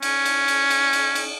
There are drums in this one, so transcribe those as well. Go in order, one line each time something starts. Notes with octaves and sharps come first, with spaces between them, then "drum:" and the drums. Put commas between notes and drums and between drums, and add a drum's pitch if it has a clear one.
C#4, drum: cymbal
drum: cymbal
drum: cymbal
drum: cymbal
drum: cymbal
drum: cymbal